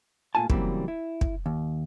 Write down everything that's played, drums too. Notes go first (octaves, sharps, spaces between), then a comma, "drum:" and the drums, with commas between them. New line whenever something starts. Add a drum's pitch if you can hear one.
A#2 A3 F4 G#5 A5
C#3 E3 F#3 G3 A#3 C4, drum: kick
E4
drum: kick
D#2